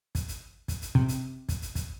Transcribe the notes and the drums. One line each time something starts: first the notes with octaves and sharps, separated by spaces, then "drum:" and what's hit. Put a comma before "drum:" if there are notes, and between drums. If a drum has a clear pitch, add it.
drum: kick, hi-hat
drum: hi-hat
drum: kick, hi-hat
drum: hi-hat
C3, drum: kick
drum: hi-hat
drum: kick, hi-hat
drum: hi-hat
drum: kick, hi-hat